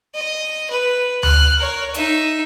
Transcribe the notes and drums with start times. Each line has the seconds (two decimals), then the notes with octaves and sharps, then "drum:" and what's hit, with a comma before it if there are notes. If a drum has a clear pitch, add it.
0.15 D#5
0.70 B4
1.23 F6 F#6, drum: tom D2
1.59 A#4 C#5
1.94 D#4 E5, drum: hi-hat